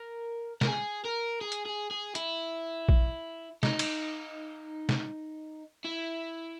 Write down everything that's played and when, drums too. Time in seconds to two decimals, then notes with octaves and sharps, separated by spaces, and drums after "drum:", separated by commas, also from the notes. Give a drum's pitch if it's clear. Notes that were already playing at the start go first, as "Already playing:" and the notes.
Already playing: A#4
0.61 A#4, drum: snare
0.67 G#4
1.04 A#4
1.41 G#4
1.52 drum: hi-hat
1.66 G#4
1.91 G#4
2.15 E4, drum: hi-hat
2.89 drum: kick A#1
3.63 D#4, drum: snare
3.79 drum: cymbal
4.89 drum: snare
5.85 E4